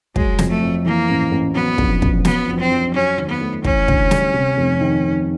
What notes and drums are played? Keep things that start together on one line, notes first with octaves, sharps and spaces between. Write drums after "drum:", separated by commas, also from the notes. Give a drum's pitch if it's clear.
F#3 G#3, drum: kick
F2, drum: snare
A3
F2
E3 A#3
A1
A1
F#3 B3
A#1, drum: kick
A#1, drum: kick
F#3 B3, drum: snare
F2
C4
F2
F#3 C#4
D#2
B3
A3
E3 C#4, drum: kick
D2, drum: kick
G3, drum: snare
C3
F1
D#3